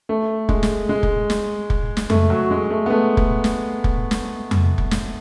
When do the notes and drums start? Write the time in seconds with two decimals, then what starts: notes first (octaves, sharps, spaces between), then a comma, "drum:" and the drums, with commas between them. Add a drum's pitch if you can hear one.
0.09 A3
0.49 G#3, drum: kick
0.63 drum: snare
0.89 G#3
1.03 drum: kick
1.30 drum: snare
1.70 drum: kick
1.97 drum: snare
2.10 A3, drum: tom F2
2.30 F#3
2.51 G#3
2.70 A3
2.86 B3
2.90 A3
3.17 drum: kick
3.44 drum: snare
3.84 drum: kick
4.11 drum: snare
4.51 drum: tom F2
4.78 drum: kick
4.91 drum: snare